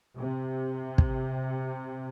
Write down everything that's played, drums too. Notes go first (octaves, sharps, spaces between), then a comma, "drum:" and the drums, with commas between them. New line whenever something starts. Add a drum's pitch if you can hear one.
C3
drum: kick